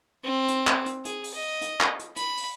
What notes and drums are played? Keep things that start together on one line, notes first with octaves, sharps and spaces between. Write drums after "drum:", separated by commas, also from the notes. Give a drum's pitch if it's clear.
C4
drum: hi-hat
drum: clap
drum: hi-hat
G#4, drum: hi-hat
drum: open hi-hat
D#5
drum: hi-hat
drum: clap
drum: hi-hat
B5, drum: hi-hat
drum: open hi-hat